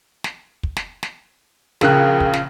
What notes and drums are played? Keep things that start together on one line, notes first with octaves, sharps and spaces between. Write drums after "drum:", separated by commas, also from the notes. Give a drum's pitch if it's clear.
drum: snare
drum: kick
drum: snare
drum: snare
A#1 C#3 G#4 A#4 G5 F#6, drum: snare
drum: kick
drum: snare